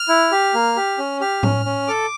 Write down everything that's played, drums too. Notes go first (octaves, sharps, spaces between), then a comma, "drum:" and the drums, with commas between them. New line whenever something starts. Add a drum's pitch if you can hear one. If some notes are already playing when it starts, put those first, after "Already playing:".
Already playing: F6
E4
G4
A#3
G4
C#4
G4 F6
C#4, drum: tom A2
C#4
A4 D6